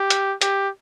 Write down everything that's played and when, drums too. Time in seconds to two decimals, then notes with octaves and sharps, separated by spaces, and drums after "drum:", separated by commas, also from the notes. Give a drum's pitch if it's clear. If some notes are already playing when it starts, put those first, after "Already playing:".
Already playing: G4
0.10 drum: hi-hat
0.41 G4, drum: hi-hat